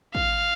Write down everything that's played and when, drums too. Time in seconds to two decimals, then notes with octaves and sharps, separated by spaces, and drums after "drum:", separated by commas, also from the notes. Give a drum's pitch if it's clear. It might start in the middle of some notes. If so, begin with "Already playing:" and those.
0.15 F5, drum: kick